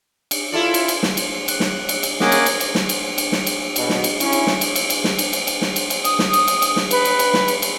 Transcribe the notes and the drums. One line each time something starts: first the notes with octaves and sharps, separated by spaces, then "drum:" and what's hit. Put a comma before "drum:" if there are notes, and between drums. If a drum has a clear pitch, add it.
drum: cymbal
E4 F4 A4 D5
drum: cymbal
drum: cymbal
drum: snare
drum: cymbal
F#6, drum: cymbal
drum: snare
drum: cymbal
drum: cymbal
A#3 C#4 G#4 D#5 F#5 D6, drum: snare
drum: cymbal
drum: cymbal
drum: cymbal
drum: snare
drum: cymbal
drum: cymbal
drum: snare
drum: cymbal
B2, drum: cymbal
drum: snare
drum: cymbal
C#4 E4, drum: cymbal
drum: cymbal
drum: snare
drum: cymbal
drum: cymbal
drum: cymbal
drum: snare
drum: cymbal
drum: cymbal
drum: cymbal
drum: snare
drum: cymbal
drum: cymbal
D#6, drum: cymbal
drum: snare
drum: cymbal
drum: cymbal
drum: cymbal
drum: snare
B4, drum: cymbal
drum: cymbal
drum: cymbal
drum: snare
drum: cymbal
drum: cymbal